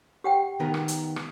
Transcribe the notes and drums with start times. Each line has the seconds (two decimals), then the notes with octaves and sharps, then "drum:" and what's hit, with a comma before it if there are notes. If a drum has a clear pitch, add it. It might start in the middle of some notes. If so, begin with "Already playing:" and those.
0.24 G4 F#5 G5
0.60 D#3 B3 A#4
0.74 drum: rim click
0.88 drum: hi-hat
1.16 drum: rim click